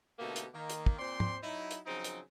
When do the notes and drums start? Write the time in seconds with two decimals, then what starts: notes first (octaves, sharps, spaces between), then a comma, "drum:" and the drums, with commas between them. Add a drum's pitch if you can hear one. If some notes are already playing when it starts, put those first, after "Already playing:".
0.19 B2 D3 A3 A#3 D#4 G4
0.36 drum: hi-hat
0.54 D#3 A#3
0.70 drum: hi-hat
0.86 drum: kick
0.99 A#2 C4 C5 D5 C6
1.20 drum: tom G#2
1.43 F#3 D#4 E4
1.71 drum: hi-hat
1.86 C#3 F3 F#3 C4 D#4
2.04 drum: hi-hat